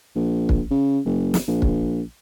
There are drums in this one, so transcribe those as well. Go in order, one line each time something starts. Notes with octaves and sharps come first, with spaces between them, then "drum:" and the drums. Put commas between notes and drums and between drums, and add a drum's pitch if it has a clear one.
A#1
drum: kick
C#3
F#1
drum: snare
A#1
drum: kick